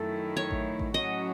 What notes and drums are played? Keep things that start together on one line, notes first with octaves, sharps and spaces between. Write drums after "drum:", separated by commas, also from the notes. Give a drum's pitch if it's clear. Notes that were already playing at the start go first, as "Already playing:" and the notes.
Already playing: F#2 D#3 A3 E4 A4
C#5
drum: kick A1
drum: kick A1
A2 F#3 C#4 F#4 D#5